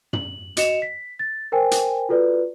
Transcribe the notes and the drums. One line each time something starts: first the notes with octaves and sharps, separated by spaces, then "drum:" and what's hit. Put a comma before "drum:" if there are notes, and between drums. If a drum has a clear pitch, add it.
F#7, drum: tom
F#4 D#5 C#7 E7 F7, drum: hi-hat
B6
A6
A#4 C5 G5 G#5
drum: hi-hat
F4 F#4 A4 B4 D5